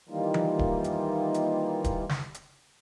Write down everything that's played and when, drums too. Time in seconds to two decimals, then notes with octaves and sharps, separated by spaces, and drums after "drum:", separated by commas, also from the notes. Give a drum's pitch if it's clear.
0.09 D#3 E3 G3 A#3 D#4 F4
0.34 drum: tom E3
0.59 drum: kick D1
0.84 drum: hi-hat
1.34 drum: hi-hat
1.84 drum: kick D1, hi-hat
2.09 drum: snare
2.34 drum: hi-hat